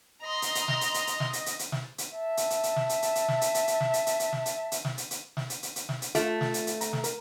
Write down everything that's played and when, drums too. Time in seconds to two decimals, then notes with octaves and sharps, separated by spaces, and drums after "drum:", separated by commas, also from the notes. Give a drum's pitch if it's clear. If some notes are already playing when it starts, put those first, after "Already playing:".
0.22 D#5 A#5 C6
0.42 drum: hi-hat
0.55 drum: hi-hat
0.68 drum: snare
0.81 drum: hi-hat
0.94 drum: hi-hat
1.07 drum: hi-hat
1.20 drum: snare
1.33 drum: hi-hat
1.46 drum: hi-hat
1.59 drum: hi-hat
1.72 drum: snare
1.98 drum: hi-hat
2.15 E5 A5
2.37 drum: hi-hat
2.50 drum: hi-hat
2.63 drum: hi-hat
2.76 drum: snare
2.89 drum: hi-hat
3.02 drum: hi-hat
3.15 drum: hi-hat
3.28 drum: snare
3.41 drum: hi-hat
3.54 drum: hi-hat
3.67 drum: hi-hat
3.80 drum: snare
3.94 drum: hi-hat
4.07 drum: hi-hat
4.20 drum: hi-hat
4.33 drum: snare
4.46 drum: hi-hat
4.72 drum: hi-hat
4.85 drum: snare
4.98 drum: hi-hat
5.11 drum: hi-hat
5.37 drum: snare
5.50 drum: hi-hat
5.63 drum: hi-hat
5.76 drum: hi-hat
5.89 drum: snare
6.02 drum: hi-hat
6.15 A3 F4 F5, drum: hi-hat
6.41 drum: snare
6.54 drum: hi-hat
6.67 drum: hi-hat
6.81 A#5, drum: hi-hat
6.93 drum: snare
7.04 A#4, drum: hi-hat